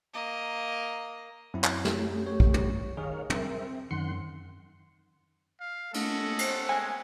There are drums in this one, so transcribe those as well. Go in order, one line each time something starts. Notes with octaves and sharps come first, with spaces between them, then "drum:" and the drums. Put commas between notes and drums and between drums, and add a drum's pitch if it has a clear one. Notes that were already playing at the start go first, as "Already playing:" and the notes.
A#3 D#5
F#2 F#3 C4 E4
drum: clap
A3 G4, drum: snare
C#5
drum: kick
drum: tom
D#3 G#4 C#5 F5
C4 A#4 E5, drum: tom
F#2 D#3 F#5 C6 C#7
F5
A3 C#4 A4 D#5 F#5, drum: cymbal
C5, drum: cymbal
G#3 G#5